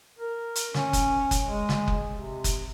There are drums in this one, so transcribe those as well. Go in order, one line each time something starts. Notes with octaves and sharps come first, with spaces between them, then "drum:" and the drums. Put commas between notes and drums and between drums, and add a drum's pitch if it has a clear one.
A#4
drum: hi-hat
C#4, drum: snare
drum: kick F#1, hi-hat
drum: kick F#1, hi-hat
G#3
drum: snare
drum: kick F#1
C3
drum: kick F#1, hi-hat